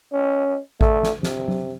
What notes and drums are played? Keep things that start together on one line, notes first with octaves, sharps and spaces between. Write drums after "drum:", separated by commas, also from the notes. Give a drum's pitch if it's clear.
C#4
A3, drum: kick A1
drum: snare
C3, drum: snare
drum: tom F#3